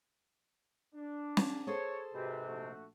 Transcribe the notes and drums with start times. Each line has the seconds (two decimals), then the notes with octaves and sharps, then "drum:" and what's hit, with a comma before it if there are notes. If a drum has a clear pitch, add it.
0.95 D4
1.37 drum: snare
1.67 G#4 A4 C5 C#5
2.14 G#2 C3 C4 F#4 G4 B4
2.47 A#1 A3 F#4